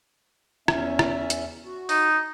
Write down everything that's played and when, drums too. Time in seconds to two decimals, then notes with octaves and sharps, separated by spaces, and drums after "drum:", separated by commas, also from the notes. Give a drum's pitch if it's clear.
0.68 E2 C#4 E5, drum: rim click
0.99 drum: rim click
1.30 drum: hi-hat
1.65 F#4
1.89 D#4, drum: open hi-hat